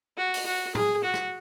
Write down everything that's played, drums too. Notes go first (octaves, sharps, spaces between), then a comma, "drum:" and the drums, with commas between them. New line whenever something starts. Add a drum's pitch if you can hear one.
F#4
drum: open hi-hat
F#4
G#4, drum: tom
F#4
drum: rim click